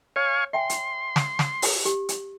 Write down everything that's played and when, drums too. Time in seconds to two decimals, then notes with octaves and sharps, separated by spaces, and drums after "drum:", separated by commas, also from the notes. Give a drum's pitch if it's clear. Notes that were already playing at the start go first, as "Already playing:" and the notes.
0.16 C#5 F5 G#5 C#6
0.53 E5 G5 G#5 C6
0.70 drum: hi-hat
1.16 drum: snare
1.39 drum: snare
1.62 drum: open hi-hat
1.85 G4, drum: hi-hat
2.09 drum: hi-hat